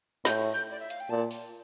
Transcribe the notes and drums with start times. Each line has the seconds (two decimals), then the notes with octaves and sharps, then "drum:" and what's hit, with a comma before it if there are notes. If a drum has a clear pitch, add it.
0.25 A2 G6, drum: snare
0.54 G6
0.71 D5
0.80 E5
0.90 F5, drum: hi-hat
1.00 G5
1.10 A#2 A5
1.31 drum: open hi-hat